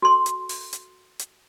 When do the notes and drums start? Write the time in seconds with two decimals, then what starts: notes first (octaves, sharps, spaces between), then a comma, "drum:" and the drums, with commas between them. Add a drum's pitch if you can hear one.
0.02 F#4 A4 C6
0.26 drum: hi-hat
0.49 drum: open hi-hat
0.73 drum: hi-hat
1.19 drum: hi-hat